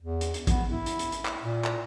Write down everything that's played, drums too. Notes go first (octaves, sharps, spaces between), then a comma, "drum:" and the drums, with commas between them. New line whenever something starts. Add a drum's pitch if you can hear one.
E2
drum: hi-hat
drum: hi-hat
B3, drum: kick A1, hi-hat
E4
drum: hi-hat
drum: hi-hat
drum: hi-hat
drum: clap
A#2
drum: clap